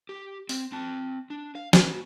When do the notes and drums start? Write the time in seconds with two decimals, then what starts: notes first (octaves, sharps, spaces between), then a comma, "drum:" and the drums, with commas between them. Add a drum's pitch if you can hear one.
0.09 G4
0.49 C4, drum: open hi-hat
0.72 C4 A5
1.30 D4
1.55 F5
1.73 A#3 F#4, drum: snare